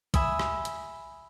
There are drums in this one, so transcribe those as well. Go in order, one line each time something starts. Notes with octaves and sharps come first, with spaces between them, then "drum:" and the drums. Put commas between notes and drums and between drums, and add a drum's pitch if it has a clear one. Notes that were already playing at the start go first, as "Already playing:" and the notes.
E5 G#5 B5 D#6 E6, drum: kick A#1, hi-hat
drum: rim click
drum: hi-hat